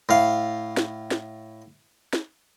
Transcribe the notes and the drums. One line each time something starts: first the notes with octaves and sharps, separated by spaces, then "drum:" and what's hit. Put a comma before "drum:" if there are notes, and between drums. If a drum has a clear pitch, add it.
A2 F5
drum: snare
drum: snare
drum: snare